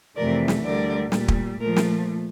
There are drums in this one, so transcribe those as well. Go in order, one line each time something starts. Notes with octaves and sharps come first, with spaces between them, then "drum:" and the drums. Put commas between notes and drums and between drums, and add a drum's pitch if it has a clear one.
F2 C3 E3 A3 A#4 D5
drum: snare
D2 D3 G3 A#4 D5
A#2 G3, drum: snare
drum: kick
A#2 F3 A3 A#4
drum: snare